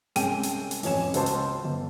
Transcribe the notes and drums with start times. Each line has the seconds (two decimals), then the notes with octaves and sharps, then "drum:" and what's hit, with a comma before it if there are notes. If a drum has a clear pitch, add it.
0.16 C2 G#3 C#4 G5 D#7, drum: hi-hat
0.43 drum: hi-hat
0.71 drum: hi-hat
0.83 A1 F2 C#4 C#5 G#5 E7, drum: open hi-hat
1.14 C#2 F#4 C5 A5 C6, drum: hi-hat
1.26 drum: hi-hat
1.64 G1